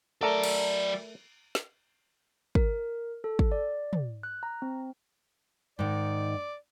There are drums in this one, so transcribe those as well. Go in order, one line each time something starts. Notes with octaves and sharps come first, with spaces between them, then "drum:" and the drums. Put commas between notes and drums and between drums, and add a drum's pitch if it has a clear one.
F#3 A3 A4 A#4 D5
drum: cymbal
drum: snare
A#4, drum: kick
A4
drum: kick
D5
drum: tom
F#6
A#5
C4
G#2 D#3 D5